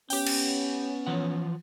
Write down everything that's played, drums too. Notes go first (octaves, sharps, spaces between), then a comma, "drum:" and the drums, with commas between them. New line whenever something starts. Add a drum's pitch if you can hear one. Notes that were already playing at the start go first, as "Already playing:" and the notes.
B3 C#4 G4 G5, drum: open hi-hat
drum: cymbal
E3 F3 F#5